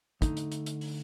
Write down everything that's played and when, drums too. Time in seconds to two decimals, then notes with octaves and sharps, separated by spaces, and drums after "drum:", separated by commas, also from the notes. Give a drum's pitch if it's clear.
0.22 D3 A3 D#4, drum: kick, hi-hat
0.37 drum: hi-hat
0.52 drum: hi-hat
0.66 drum: hi-hat
0.81 drum: open hi-hat